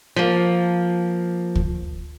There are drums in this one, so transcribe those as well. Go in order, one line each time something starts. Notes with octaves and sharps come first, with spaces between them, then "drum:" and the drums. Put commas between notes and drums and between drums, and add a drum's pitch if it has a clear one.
F3 A#3
drum: kick